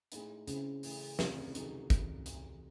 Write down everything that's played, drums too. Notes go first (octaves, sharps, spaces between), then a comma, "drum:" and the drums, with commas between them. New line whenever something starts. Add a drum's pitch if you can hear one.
A2 G#3 D#4, drum: hi-hat
C#3 G#3 C4 E4 G#4, drum: hi-hat
A2 E3 A3, drum: open hi-hat
A2 C3 E3 C4 E4, drum: snare
D#3 F#3 A3 D#4 G#4, drum: hi-hat
drum: kick, hi-hat
drum: hi-hat